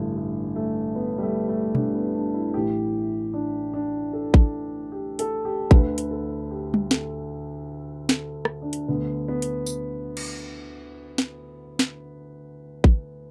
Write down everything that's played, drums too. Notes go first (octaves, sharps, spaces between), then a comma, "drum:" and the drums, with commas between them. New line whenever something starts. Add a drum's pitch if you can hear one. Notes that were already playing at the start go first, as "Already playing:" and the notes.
Already playing: A1 G2 D3 A3
A3
A3
B3
G3
A3
A3
D4, drum: tom B2
B3
D4
E4
A1 A2 E3 G4
D4
D4
A4
drum: kick A1
G4
A4, drum: hi-hat
G4
D2 D3 B4, drum: kick A1
drum: hi-hat
A4
G4
drum: tom G3
A4, drum: snare
A4, drum: snare
drum: rim click
D4
drum: hi-hat
D2 D3 B3
B3
drum: hi-hat
drum: tambourine
drum: cymbal
drum: snare
drum: snare
drum: kick A1